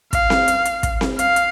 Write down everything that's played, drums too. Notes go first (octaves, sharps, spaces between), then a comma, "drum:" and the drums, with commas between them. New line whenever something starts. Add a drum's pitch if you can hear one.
F5, drum: kick, hi-hat
drum: snare C4
drum: hi-hat
drum: hi-hat
drum: kick, hi-hat
drum: snare C4
F5, drum: hi-hat
drum: hi-hat